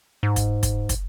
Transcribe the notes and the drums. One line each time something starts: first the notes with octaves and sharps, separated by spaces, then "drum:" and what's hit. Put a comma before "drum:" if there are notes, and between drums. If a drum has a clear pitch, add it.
G#2
drum: kick, hi-hat
drum: kick, hi-hat
drum: kick, hi-hat